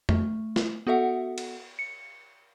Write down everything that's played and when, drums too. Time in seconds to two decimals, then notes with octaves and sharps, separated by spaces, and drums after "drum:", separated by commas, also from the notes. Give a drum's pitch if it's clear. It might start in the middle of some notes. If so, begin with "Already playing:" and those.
0.09 A3, drum: tom
0.56 drum: snare
0.87 B3 F#4 A4 E5 F#5
1.38 drum: cymbal
1.79 C#7